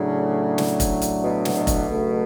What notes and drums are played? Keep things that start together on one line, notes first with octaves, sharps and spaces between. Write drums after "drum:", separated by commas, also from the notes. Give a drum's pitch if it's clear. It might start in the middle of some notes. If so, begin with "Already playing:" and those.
Already playing: A2 C#3 F#3 A3 D4
drum: snare
drum: kick F1, hi-hat
drum: hi-hat
B2
drum: snare
B2
drum: kick F1, hi-hat
C#3 F#3 A3